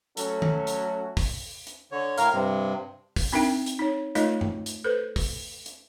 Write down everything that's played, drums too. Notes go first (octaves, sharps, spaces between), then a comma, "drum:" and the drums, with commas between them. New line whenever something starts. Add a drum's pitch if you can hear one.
F#3 A3 C#4 F#4 A4, drum: hi-hat
drum: tom
drum: hi-hat
drum: kick, open hi-hat
drum: hi-hat
D3 C#5
A2 A#4 F5 F6, drum: hi-hat
G2 C3
drum: kick, open hi-hat
C4 D4 D#4 A#4 E5 G5
drum: hi-hat
D#4 C#5
A3 D#4 F4 A#4 C#5 D#5, drum: hi-hat
drum: tom F#2
drum: hi-hat
A4 B4 C5
drum: kick, open hi-hat
drum: hi-hat